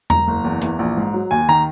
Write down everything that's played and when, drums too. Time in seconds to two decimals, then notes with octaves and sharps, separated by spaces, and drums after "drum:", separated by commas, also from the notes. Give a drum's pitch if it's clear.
0.10 E1 A#5, drum: tom E2
0.28 F#1
0.45 E2
0.62 E3, drum: hi-hat
0.79 A#1
0.97 G#2
1.13 F#3
1.31 D#2 G#5
1.49 D#3 A#5